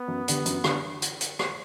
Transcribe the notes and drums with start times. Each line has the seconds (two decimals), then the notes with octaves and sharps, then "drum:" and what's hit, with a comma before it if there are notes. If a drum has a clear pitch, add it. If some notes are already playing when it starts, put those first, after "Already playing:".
Already playing: B3
0.08 F#2
0.28 D3 G3 D4, drum: hi-hat
0.46 F#2, drum: hi-hat
0.64 D3 G3 D4, drum: rim click
1.02 drum: hi-hat
1.21 drum: hi-hat
1.39 drum: rim click